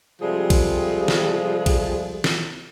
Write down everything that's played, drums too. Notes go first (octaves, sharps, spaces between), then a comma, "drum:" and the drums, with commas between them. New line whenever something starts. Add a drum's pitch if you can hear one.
C3 F3 G3 G#3 G#4 A4
drum: kick A#1, cymbal
drum: snare
drum: kick A#1, cymbal
drum: snare